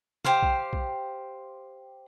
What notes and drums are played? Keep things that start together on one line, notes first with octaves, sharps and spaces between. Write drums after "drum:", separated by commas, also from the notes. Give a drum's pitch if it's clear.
G4 C5 F5, drum: tom
drum: kick
drum: kick